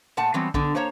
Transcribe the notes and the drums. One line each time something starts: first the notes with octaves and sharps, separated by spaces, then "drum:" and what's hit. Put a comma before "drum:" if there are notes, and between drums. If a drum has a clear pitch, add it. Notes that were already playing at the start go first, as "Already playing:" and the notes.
A#2 A3 F#5 A5
E3 F#3 G3 B3 C4
D3 B3, drum: kick
A#3 C5 C#5 A#5